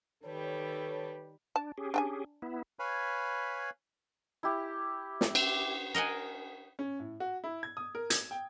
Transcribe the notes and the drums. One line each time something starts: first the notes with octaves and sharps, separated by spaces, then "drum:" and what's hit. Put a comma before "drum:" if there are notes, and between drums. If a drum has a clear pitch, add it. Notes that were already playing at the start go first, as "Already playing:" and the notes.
D#3 G3 G4 A4 B4 C#5
D4 A5
C#4 G4 G#4
D4 G5 G#5
B3 E4
B4 C#5 F5 G#5 B5
E4 G4
drum: snare
drum: cymbal
A#4 D#5 F#5 G#5
C#4
A2
F#4
E4
G#6
D#6
A#4
G#6, drum: hi-hat
G5